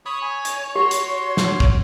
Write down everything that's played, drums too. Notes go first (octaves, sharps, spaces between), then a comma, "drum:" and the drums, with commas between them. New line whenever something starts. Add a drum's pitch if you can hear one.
C#5 B5 D#6
G#5
drum: hi-hat
F#4 G4 C6
drum: hi-hat
drum: snare
drum: kick